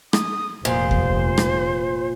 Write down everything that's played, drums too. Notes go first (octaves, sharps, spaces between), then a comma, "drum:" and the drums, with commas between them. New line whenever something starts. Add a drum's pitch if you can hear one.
D#6, drum: rim click
F1 A#2 C5
drum: kick D#2
drum: rim click